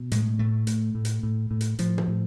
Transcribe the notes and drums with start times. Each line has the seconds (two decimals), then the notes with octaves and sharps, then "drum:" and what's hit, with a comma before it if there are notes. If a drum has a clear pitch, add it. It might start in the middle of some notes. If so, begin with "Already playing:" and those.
Already playing: B2
0.12 A2 G#3, drum: hi-hat
0.39 A2 A3
0.67 A2, drum: hi-hat
0.95 A2
1.05 drum: hi-hat
1.23 A2
1.51 A2
1.61 drum: hi-hat
1.79 A2 F3, drum: hi-hat
1.98 drum: tom
2.08 A2